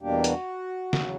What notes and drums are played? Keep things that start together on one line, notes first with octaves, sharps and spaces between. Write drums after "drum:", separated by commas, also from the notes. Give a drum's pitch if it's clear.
E2 B2 G3 A#3 D4 G4
F#4, drum: hi-hat
E2 C#3 F#3, drum: snare